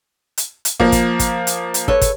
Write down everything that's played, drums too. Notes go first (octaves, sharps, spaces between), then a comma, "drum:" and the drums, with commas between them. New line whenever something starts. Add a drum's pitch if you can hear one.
drum: hi-hat
drum: hi-hat
F3 A#3, drum: kick
drum: kick, hi-hat
drum: kick, hi-hat
drum: hi-hat
drum: hi-hat
A4 B4 C#5, drum: kick
drum: kick, hi-hat